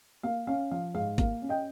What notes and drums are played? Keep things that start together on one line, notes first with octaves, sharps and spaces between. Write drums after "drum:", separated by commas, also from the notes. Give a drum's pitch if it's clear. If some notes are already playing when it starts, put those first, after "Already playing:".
A#3 F5
C#4 F5
F3 F5
G#2 F5
A#3 F5, drum: kick G1, hi-hat
C#4
D#5 G5